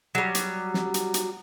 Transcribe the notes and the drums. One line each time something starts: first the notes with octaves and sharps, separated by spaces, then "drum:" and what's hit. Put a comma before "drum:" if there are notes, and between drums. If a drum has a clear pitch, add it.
F#3 G3
drum: hi-hat
drum: snare
drum: hi-hat
drum: hi-hat